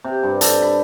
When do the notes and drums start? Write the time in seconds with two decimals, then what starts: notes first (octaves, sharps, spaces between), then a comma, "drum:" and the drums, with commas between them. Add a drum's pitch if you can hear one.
0.04 C3
0.23 G2
0.41 A4, drum: hi-hat
0.62 B5